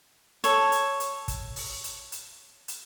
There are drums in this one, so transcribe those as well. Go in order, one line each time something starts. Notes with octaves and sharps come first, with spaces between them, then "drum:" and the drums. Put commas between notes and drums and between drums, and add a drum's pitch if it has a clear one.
A4 C#5, drum: hi-hat
drum: hi-hat
drum: hi-hat
drum: kick, hi-hat
drum: open hi-hat
drum: hi-hat
drum: hi-hat
drum: hi-hat